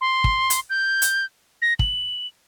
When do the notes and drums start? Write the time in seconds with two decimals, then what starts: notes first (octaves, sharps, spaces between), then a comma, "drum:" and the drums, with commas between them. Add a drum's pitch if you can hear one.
0.01 C6
0.24 drum: kick
0.50 drum: hi-hat
0.70 G6
1.02 drum: hi-hat
1.62 A#6
1.79 F#7, drum: kick